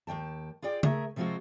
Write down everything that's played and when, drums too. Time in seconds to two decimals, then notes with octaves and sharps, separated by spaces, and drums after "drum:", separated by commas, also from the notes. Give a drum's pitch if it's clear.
0.07 D#2 A3 G5 A5
0.62 F4 G#4 D5 G5
0.83 A3 G#4 A#4 E5, drum: tom C#3
1.16 C3 F3 G#3 C4 F4 F#4